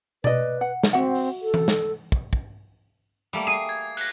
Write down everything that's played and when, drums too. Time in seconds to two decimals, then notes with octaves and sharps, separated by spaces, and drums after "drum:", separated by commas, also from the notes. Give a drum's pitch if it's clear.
0.24 B4 D5 D#5, drum: tom B2
0.61 F#5
0.83 drum: snare
0.93 C4 F#4 E5 F#5
1.15 drum: open hi-hat
1.42 A4
1.54 drum: tom E3
1.68 drum: snare
2.12 drum: kick
2.33 drum: kick
3.33 G3 A3 A#3
3.47 G#4 C7 D#7
3.69 G#6
3.97 F#6 A#6, drum: cymbal